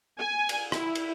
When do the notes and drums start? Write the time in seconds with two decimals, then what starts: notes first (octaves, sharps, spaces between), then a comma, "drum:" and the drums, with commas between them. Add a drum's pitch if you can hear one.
0.18 G#5
0.49 drum: cymbal
0.72 E4, drum: rim click
0.95 drum: cymbal